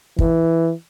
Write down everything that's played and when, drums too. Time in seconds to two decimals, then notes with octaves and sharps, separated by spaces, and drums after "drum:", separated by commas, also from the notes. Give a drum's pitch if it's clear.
0.19 E3, drum: kick